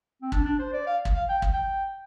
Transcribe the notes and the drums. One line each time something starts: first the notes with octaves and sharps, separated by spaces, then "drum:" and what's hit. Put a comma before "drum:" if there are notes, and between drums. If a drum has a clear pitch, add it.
C4
D4, drum: kick
D4
C5
D5
F5
drum: kick
F5
G5
drum: kick
G5